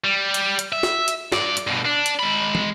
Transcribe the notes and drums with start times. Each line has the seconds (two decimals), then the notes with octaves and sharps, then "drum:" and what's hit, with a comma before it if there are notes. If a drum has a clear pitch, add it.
0.04 G3
0.34 drum: hi-hat
0.59 drum: hi-hat
0.73 E5
0.83 drum: snare
1.08 drum: hi-hat
1.32 G2 D5, drum: snare
1.57 drum: hi-hat
1.67 G2 B2
1.85 D4
2.06 drum: hi-hat
2.19 G#3 B5
2.55 drum: tom